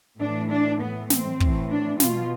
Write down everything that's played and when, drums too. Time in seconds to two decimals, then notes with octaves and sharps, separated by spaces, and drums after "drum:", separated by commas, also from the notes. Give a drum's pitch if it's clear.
0.19 A2 E3 D4
0.50 D4
0.80 A2 E3 B3
1.10 C4, drum: snare
1.40 A2 E3, drum: kick
1.70 D4
2.00 B2 F4, drum: snare